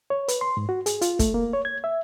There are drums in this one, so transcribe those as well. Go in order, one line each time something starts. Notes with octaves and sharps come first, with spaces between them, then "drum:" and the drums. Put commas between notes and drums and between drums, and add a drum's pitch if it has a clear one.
C#5
B4, drum: hi-hat
C6
G#2
F#4
G#4, drum: hi-hat
F4, drum: hi-hat
A3, drum: kick, hi-hat
A#3
C#5
G#6
E5